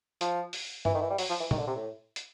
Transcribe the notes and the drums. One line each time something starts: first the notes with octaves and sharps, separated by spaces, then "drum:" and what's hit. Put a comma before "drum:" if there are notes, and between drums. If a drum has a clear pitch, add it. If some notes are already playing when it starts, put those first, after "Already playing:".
F3, drum: hi-hat
drum: open hi-hat
E3, drum: tom G2
D#3
E3
G3
F#3, drum: open hi-hat
F3
E3
D#3, drum: tom
D3
C3
A2
drum: hi-hat